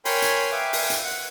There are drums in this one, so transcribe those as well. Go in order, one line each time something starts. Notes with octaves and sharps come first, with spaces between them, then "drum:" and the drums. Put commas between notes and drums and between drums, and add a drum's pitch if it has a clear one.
A#4 C#5 G5 G#5 B5 C6, drum: open hi-hat
drum: hi-hat
B4 E5 F5 G5 G#5 D6
drum: open hi-hat
drum: hi-hat
F#5